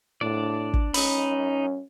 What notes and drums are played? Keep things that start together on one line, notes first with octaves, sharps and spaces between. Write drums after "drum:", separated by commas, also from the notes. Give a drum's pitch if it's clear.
A2 D4 D5
drum: kick
C#4 D#4 B5, drum: open hi-hat